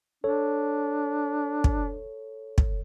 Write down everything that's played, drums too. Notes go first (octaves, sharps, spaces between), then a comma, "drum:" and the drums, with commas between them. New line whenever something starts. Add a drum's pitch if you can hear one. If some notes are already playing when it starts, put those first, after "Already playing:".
D4 A4 C#5
drum: kick
drum: kick